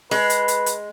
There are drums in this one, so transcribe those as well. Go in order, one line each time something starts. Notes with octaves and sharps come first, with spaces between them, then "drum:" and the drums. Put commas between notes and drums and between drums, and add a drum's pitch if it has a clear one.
G#3 B4, drum: open hi-hat
drum: hi-hat
drum: hi-hat
drum: hi-hat